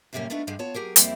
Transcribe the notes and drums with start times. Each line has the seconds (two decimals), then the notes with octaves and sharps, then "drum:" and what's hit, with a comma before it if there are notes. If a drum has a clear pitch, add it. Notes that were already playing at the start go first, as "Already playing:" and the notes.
0.13 F#2 A2 C3 G3 A#3 C#4
0.30 A3 B3 D4 D#4 F4 C#5
0.47 G2 D3 G3 G#3
0.59 B3 F4 C#5 A5
0.74 F#3 G4 G#4 A#4
0.96 F2 G3 A#3 C4 E4, drum: hi-hat